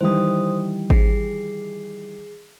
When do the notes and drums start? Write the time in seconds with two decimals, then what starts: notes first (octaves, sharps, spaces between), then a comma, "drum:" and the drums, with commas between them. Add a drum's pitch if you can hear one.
0.01 D#3 E3 G3 C5 D#6
0.90 G#4 C7, drum: kick G#1